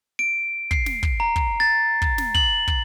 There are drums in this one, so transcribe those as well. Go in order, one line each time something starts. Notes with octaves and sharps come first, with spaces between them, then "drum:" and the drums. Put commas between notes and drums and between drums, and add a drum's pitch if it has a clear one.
D7
C7, drum: kick
drum: snare
drum: kick
A#5
drum: kick
A6
drum: kick
drum: snare
F#7, drum: kick
drum: kick